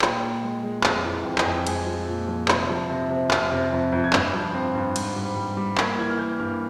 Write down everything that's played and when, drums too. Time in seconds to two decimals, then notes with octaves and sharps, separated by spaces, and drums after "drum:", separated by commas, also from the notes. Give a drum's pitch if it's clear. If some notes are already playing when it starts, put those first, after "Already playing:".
0.01 A#2 G5, drum: clap
0.22 A#2
0.43 G#3
0.63 G#3
0.84 F2 A#5, drum: clap
1.04 E3
1.25 F2 G5
1.38 G#5, drum: clap
1.45 F2 G5
1.67 G#3 G#5, drum: cymbal
1.87 F3
2.08 A#2
2.28 F3
2.48 C3, drum: clap
2.69 F3
2.90 C3
3.10 C3
3.31 F2 F6, drum: clap
3.52 C3
3.72 F2
3.92 F2
4.04 G#6
4.13 G2 G6, drum: clap
4.34 F3
4.54 C4
4.75 G2
4.96 G#2, drum: cymbal
5.16 G3
5.36 G3
5.57 G3
5.78 A#3 G#6, drum: clap
5.98 E3 G#6
6.10 F6
6.19 A#3 G6
6.40 G2 F6